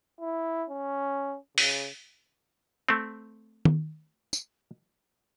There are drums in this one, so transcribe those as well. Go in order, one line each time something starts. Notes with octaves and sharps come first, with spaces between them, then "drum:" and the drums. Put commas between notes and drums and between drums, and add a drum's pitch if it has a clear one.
E4
C#4
C#3, drum: open hi-hat
A3 C4
drum: tom D#3
drum: tambourine